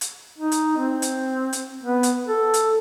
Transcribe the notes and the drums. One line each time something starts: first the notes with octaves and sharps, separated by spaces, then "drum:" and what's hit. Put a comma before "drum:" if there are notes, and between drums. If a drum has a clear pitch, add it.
drum: hi-hat
D#4
drum: hi-hat
C4
drum: hi-hat
drum: hi-hat
B3
drum: hi-hat
A4
drum: hi-hat